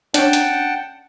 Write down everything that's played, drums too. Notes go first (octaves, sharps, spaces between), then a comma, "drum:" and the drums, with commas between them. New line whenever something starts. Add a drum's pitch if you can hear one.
C#4 D4 F#5 G5 A5, drum: hi-hat
drum: hi-hat